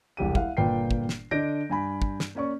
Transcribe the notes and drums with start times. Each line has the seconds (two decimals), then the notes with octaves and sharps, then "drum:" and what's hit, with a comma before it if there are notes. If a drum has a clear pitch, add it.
0.17 E1 C2 G4 D#7
0.35 E4 F5 F#5, drum: kick
0.57 G1 A#2 B4 G5 C7
0.91 drum: kick
1.09 drum: snare
1.31 D3 D4 D#5 G6 A#6 D7
1.70 G2 G#5 B5
2.02 drum: kick
2.20 drum: snare
2.35 A#3 C#4 D5 C#6